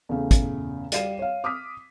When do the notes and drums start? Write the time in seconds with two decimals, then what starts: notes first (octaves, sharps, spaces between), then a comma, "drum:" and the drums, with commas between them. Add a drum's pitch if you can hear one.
0.09 E2 C#3 A3
0.31 drum: kick, hi-hat
0.92 G3 D5 F5 C7 D#7 E7, drum: hi-hat
1.19 C#5 F5
1.44 D6 D#6 F6 B6